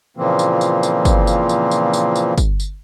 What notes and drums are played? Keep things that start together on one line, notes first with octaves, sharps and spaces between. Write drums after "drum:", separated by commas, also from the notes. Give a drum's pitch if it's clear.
A#2 C#3 E3 F3 A#3 C4
drum: tambourine
drum: tambourine
drum: tambourine
drum: kick, tambourine
drum: tambourine
drum: tambourine
drum: tambourine
drum: tambourine
drum: tambourine
drum: kick, tambourine
drum: tambourine